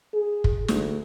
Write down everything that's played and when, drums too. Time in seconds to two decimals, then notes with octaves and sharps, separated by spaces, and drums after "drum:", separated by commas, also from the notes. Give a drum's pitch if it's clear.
0.14 G#4
0.44 drum: kick
0.68 D2, drum: snare